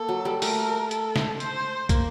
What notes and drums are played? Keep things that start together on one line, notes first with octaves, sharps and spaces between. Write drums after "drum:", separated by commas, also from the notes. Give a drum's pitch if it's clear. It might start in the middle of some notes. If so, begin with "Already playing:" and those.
Already playing: A#3 A4
F#3
G3
A3 A#4, drum: open hi-hat
A4, drum: hi-hat
drum: snare
C5, drum: hi-hat
A#3, drum: kick, hi-hat